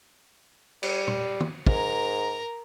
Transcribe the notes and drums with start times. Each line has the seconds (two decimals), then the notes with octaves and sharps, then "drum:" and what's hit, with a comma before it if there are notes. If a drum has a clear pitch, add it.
0.83 G3, drum: cymbal
1.07 drum: tom
1.40 drum: tom D#3
1.66 G#2 A#4 A#5, drum: kick